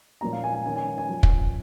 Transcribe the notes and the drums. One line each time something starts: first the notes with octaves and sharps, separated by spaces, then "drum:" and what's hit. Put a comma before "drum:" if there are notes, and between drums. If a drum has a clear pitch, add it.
A#2 F3 A#3 C#4 A#5
F5
G#5
G#5
D#3 C#4 G#5
G#5
G#5
F3
drum: kick